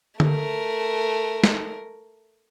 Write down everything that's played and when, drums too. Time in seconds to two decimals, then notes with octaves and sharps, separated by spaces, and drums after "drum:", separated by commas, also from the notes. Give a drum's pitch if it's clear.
0.20 A3 A#4, drum: tom D3
1.44 drum: snare